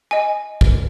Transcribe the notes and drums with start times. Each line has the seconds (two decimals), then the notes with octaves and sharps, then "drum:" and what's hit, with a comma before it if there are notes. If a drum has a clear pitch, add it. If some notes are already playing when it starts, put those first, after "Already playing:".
0.11 D#5 G#5
0.61 drum: kick